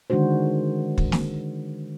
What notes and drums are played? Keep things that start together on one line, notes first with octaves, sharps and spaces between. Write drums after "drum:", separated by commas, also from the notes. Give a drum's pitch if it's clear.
D3 D#3 G#3 D4 F#4 C5
drum: kick
drum: snare